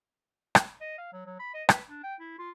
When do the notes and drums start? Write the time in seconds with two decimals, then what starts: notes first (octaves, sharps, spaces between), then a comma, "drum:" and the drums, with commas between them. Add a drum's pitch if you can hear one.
0.55 drum: rim click
0.81 D#5
0.98 F5
1.13 F#3
1.26 F#3
1.39 B5
1.54 D#5
1.69 B4, drum: rim click
1.89 D4
2.03 G5
2.20 E4
2.39 F4